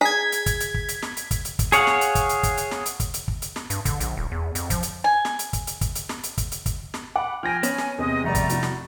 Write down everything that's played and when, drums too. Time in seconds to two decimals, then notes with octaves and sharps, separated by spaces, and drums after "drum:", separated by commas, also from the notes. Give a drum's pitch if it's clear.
0.01 G#4 A#5 G#6 B6
0.32 drum: hi-hat
0.46 drum: kick, hi-hat
0.60 drum: hi-hat
0.74 drum: kick
0.88 drum: hi-hat
1.03 drum: snare
1.17 drum: hi-hat
1.31 drum: kick, hi-hat
1.45 drum: hi-hat
1.59 drum: kick, hi-hat
1.72 G#4 C#5 F5 F#5, drum: hi-hat
1.87 drum: snare
2.01 drum: hi-hat
2.15 drum: kick, hi-hat
2.29 drum: hi-hat
2.43 drum: kick, hi-hat
2.57 drum: hi-hat
2.71 drum: snare
2.86 drum: hi-hat
3.00 drum: kick, hi-hat
3.14 drum: hi-hat
3.28 drum: kick
3.42 drum: hi-hat
3.56 drum: snare
3.70 G2, drum: hi-hat
3.85 D3, drum: kick, hi-hat
4.00 A#1, drum: hi-hat
4.17 D#1
4.32 E2
4.55 F2, drum: hi-hat
4.70 F3, drum: kick, hi-hat
4.83 drum: hi-hat
5.04 G#5
5.25 drum: snare
5.39 drum: hi-hat
5.53 drum: kick, hi-hat
5.67 drum: hi-hat
5.81 drum: kick, hi-hat
5.95 drum: hi-hat
6.09 drum: snare
6.23 drum: hi-hat
6.38 drum: kick, hi-hat
6.52 drum: hi-hat
6.66 drum: kick, hi-hat
6.94 drum: snare
7.16 F#5 B5 D6
7.43 F3 G5 G#5 F6 A#6
7.63 B3 C#4 C#5 G#5, drum: hi-hat
7.78 drum: snare
7.98 E2 C3 G#3 D#5
8.24 F1 G3 A3 D5 E5 A#5
8.35 drum: kick, hi-hat
8.49 E4 F#4, drum: hi-hat
8.63 drum: snare